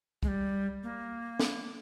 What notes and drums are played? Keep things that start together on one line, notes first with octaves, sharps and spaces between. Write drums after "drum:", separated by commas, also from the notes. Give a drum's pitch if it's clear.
G#3, drum: kick
G3
A#3
drum: snare